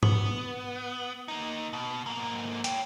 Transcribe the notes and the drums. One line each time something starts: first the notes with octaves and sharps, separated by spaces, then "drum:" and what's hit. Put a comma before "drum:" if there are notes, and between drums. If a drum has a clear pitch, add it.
B3, drum: tom G#2
A#3 D#4
B2
G#2 A#3
C#5 G5, drum: hi-hat